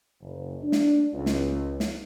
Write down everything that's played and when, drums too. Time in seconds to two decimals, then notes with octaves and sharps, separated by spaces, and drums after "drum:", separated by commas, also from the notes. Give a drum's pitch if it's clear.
0.21 F#1
0.63 D4
0.72 drum: snare
1.13 C#2
1.26 drum: snare
1.80 drum: snare